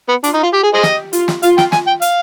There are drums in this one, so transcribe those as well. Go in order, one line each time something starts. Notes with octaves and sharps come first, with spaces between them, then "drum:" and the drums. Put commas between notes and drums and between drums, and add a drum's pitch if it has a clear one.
B3
D4 F4, drum: hi-hat
D#4
F4
G4
G#4
G#4 C5 D#5
G4, drum: snare
F4, drum: hi-hat
drum: snare
F4 F5, drum: hi-hat
G5, drum: snare
G#5, drum: snare
G5
F5, drum: hi-hat